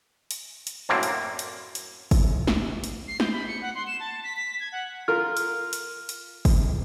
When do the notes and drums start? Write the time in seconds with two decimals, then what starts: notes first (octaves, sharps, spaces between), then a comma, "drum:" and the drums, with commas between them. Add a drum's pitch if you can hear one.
0.31 drum: hi-hat
0.67 drum: hi-hat
0.89 F#2 A2 A#3 C4 D4
1.03 drum: hi-hat
1.39 drum: hi-hat
1.75 drum: hi-hat
2.11 drum: kick, open hi-hat
2.47 drum: snare
2.84 drum: hi-hat
3.08 C7
3.20 G6, drum: snare
3.32 B5
3.48 C#7
3.62 F#5
3.75 C6
3.87 E7
4.00 A5
4.24 B6
4.36 B6
4.60 G#6
4.72 F#5
5.08 F4 A#4 F6
5.37 drum: hi-hat
5.73 drum: hi-hat
6.09 drum: hi-hat
6.45 drum: kick, open hi-hat